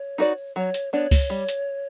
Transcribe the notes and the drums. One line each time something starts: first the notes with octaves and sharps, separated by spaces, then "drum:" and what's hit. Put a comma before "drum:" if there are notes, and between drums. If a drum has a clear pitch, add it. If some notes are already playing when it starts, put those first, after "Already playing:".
Already playing: C#5
D#4 F#4 B4 D5
F#3 C#5
drum: hi-hat
B3 D4 C#5
drum: kick C#2, open hi-hat
G3
drum: hi-hat